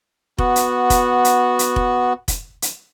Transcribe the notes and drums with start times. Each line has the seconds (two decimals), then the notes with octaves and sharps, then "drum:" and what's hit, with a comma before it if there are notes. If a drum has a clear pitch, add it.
0.38 B3 F#4, drum: kick F1
0.56 drum: hi-hat
0.90 drum: kick F1, hi-hat
1.25 drum: hi-hat
1.59 drum: hi-hat
1.76 drum: kick F1
2.28 drum: kick F1, hi-hat
2.62 drum: hi-hat